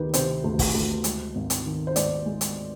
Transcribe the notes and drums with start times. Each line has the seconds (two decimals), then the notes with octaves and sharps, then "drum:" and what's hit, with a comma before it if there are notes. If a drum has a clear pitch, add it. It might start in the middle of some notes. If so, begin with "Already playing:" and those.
Already playing: D2 D#3 G4 B4
0.14 C3 C5, drum: hi-hat
0.44 D2
0.59 drum: kick, open hi-hat
0.74 D2
1.04 G#3, drum: hi-hat
1.35 G#1
1.50 drum: hi-hat
1.66 D#3
1.87 C5
1.96 G#2 D5, drum: hi-hat
2.26 G#3
2.41 drum: hi-hat